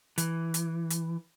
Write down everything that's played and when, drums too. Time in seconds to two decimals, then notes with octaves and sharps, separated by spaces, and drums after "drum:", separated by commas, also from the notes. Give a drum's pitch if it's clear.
0.18 E3, drum: hi-hat
0.54 drum: hi-hat
0.90 drum: hi-hat